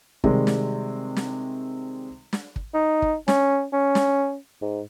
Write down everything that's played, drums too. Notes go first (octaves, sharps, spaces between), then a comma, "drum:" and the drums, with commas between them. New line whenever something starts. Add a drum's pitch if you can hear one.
C3 D#3 G3 G#3, drum: kick
drum: snare
drum: snare
drum: snare
drum: kick
D#4
drum: kick
C#4, drum: snare
C#4
drum: snare
G#2